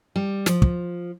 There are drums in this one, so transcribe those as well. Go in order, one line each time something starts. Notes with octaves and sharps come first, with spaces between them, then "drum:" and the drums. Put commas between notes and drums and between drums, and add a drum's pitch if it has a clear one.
G3
F3, drum: snare
drum: kick